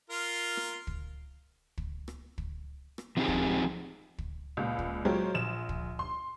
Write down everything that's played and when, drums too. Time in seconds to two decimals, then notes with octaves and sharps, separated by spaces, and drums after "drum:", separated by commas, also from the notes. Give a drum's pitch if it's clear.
0.10 F4 A#4
0.57 drum: rim click
0.87 drum: kick
1.78 drum: kick
2.08 drum: rim click
2.38 drum: kick
2.98 drum: rim click
3.17 F3 C4 D#4 G4 G#4
3.28 drum: kick
4.18 drum: kick
4.57 C#2 A#2
4.79 drum: kick
5.05 F#3 G#3 F4 G4 C5 C#5
5.35 A#1 E7
5.69 drum: kick
5.99 C6